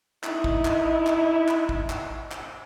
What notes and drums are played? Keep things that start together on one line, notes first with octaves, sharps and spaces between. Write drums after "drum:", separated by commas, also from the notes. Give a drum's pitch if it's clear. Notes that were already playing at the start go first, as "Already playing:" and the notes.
D#4 E4, drum: clap
drum: kick
drum: clap
drum: clap
drum: clap
drum: kick
drum: clap
drum: clap